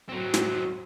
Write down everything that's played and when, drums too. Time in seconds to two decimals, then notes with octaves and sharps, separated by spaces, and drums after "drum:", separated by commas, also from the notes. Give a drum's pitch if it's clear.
0.09 F#3 C4
0.34 drum: snare